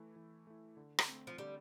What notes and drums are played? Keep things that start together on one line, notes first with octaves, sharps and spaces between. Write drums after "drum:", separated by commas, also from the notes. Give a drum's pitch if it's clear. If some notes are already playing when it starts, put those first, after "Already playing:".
Already playing: E3 A3 E4
E3
A3 E4
D3
drum: rim click
A3 C4
F3
D3 G3